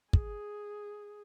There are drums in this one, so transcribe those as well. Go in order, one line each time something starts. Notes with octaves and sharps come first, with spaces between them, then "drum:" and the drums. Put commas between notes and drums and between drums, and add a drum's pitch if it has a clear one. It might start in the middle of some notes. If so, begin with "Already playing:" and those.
G#4, drum: kick